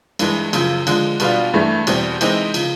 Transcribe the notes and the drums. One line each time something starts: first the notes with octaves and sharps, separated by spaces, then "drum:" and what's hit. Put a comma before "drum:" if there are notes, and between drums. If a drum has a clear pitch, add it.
G2 E3 G#3, drum: cymbal
F#2 C#3 F3, drum: cymbal
D3 F3 G#3, drum: cymbal
B2 G3 B3 D4 F4, drum: cymbal
G2 E3 A3
E2 B2 G3 C4, drum: cymbal
C3 E3 G#3 C4 D#4, drum: cymbal
C#3 F3, drum: cymbal